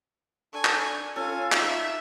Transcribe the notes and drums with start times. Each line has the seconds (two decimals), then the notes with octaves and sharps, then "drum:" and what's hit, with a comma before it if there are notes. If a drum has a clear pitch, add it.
0.54 D4 A4 G#5 C#6
0.65 drum: clap
1.16 C#4 F4 A4 G#5 F6
1.52 D#4 E5, drum: clap